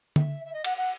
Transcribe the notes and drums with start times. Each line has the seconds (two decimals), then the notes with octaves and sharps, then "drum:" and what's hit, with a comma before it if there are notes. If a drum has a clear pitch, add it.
0.16 E5, drum: tom D3
0.45 E5
0.53 D#5
0.65 F#5, drum: cymbal
0.77 F#5